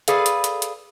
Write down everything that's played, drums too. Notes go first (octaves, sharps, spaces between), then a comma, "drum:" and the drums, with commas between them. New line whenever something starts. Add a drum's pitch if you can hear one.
G#4 A4 B4 D5 F5, drum: hi-hat
drum: hi-hat
drum: hi-hat
drum: hi-hat